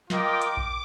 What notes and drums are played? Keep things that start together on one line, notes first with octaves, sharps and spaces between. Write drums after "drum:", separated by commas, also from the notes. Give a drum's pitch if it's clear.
F4 A#4 D#5 G5 D6, drum: snare
drum: hi-hat
drum: kick A#1